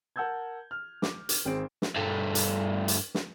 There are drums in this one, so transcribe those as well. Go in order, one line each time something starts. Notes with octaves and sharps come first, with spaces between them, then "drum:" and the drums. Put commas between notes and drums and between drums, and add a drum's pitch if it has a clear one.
A#4 F#5 A5 E6 G6 G#6
F6
D6, drum: snare
drum: hi-hat
G#1 C4 G#4 D7
drum: snare
G2 A3
drum: hi-hat
drum: hi-hat
drum: snare